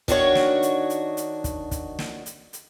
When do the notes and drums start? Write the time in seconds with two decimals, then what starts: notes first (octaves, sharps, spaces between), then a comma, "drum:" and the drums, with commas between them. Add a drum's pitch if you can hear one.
0.08 D#3 D4 F#4 C#5, drum: kick, hi-hat
0.35 drum: snare
0.62 drum: hi-hat
0.90 drum: hi-hat
1.17 drum: hi-hat
1.44 drum: kick, hi-hat
1.71 drum: kick, hi-hat
1.99 drum: snare
2.26 drum: hi-hat
2.53 drum: hi-hat